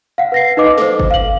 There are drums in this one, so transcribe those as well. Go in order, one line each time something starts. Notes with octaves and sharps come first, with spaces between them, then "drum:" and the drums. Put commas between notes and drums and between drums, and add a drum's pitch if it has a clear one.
F5 F#5
B4 A#6 C7
D#4 B4 D#5 D6
A4 C5, drum: snare
drum: kick F#1
F5 F#7